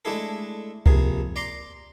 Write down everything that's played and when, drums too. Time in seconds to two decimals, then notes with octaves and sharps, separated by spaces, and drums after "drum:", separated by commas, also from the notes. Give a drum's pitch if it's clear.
0.05 G#3 A3 D4 E4 G#4 A4
0.86 A#1 C3 G#4, drum: kick C2
1.36 D5 A#5 C6 D6